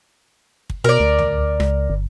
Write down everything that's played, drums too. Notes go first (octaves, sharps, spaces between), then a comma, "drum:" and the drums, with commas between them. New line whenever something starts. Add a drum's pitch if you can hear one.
drum: kick
B2 A#4 D5
D2
drum: tom C#2
C#2, drum: rim click
G1